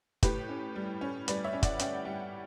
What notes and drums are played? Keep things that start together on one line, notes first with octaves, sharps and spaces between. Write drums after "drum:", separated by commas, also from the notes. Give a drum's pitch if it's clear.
A2 G4 B4, drum: kick, hi-hat
C#4
G3
C#4
G3 B4 D5, drum: hi-hat
C#5 E5
C#4
D5 F#5, drum: kick, hi-hat
C#4 E5 G5, drum: hi-hat
G3 D5 F#5